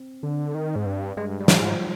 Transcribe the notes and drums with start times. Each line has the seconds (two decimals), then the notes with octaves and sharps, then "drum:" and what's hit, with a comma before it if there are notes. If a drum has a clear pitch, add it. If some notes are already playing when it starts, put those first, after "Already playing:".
Already playing: C4
0.23 D3
0.55 D#3
0.76 G#2
0.86 G2
1.17 G2 G#3
1.40 G3
1.48 G#2, drum: snare
1.64 F3